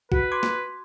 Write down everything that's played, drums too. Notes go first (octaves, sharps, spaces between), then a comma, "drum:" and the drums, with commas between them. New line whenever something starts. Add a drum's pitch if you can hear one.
F#4 B4, drum: kick
C6 D6 G#6
drum: snare